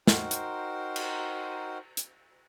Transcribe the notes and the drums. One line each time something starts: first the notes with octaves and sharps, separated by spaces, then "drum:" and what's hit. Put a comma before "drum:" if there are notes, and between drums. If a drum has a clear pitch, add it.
D#4 F#4 A#4 C5 G5 C6, drum: snare
drum: hi-hat
drum: cymbal
drum: hi-hat